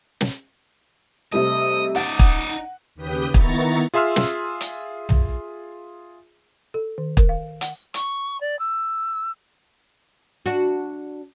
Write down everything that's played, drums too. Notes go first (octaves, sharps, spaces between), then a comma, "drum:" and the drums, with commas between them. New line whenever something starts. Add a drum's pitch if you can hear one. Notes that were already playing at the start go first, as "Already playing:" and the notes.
drum: snare
C3 G3 A3 D#5
D#4 D5 F#5
drum: kick
D#2 C#3 G4 B4 D#6 G6
D#3 B3 E4 A#5 C#6 A6, drum: kick
F4 G#4 E5 C6 E6 F6
drum: snare
drum: hi-hat
drum: tom
A4
D#3
A#4, drum: kick
F5
F#5, drum: hi-hat
C#6, drum: hi-hat
D5
E6
D4 F#4